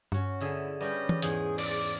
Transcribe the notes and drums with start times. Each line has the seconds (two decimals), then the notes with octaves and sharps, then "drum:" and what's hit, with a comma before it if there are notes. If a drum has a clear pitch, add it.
0.12 G2 C#4 F#4
0.41 D3 E4 G#4 E5
0.81 G3 C#4 D4 G4 B4 D#5
1.09 drum: tom E3
1.22 E2 G#2 G#4, drum: hi-hat
1.58 D5, drum: cymbal